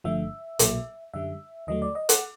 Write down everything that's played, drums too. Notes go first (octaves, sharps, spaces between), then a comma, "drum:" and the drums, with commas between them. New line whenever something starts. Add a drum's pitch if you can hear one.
G1 G2 D3 F3 A3 E5
B1 A#2 F#3 A#3, drum: hi-hat
F#2 D3 G3 E5
D#2 D3 F#3 A3 D#5
D5
D#5
F#5, drum: hi-hat